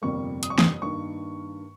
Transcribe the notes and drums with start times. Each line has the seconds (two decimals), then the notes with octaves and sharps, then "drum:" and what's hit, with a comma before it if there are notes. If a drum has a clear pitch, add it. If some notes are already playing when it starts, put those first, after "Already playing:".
0.02 G1 F2 C3 G3 A#3 C#6
0.43 D#6, drum: hi-hat
0.50 C#6
0.58 D#6, drum: snare
0.82 G2 D#3 A#3 C#6